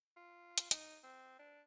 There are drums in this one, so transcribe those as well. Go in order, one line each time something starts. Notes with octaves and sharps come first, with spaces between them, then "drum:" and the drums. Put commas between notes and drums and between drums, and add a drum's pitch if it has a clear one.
F4
drum: hi-hat
D#4, drum: hi-hat
C4
D4